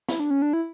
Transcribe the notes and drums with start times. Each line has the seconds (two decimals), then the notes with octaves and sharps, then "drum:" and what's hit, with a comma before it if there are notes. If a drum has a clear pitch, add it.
0.09 E4, drum: snare
0.20 D4
0.30 C#4
0.42 D4
0.53 E4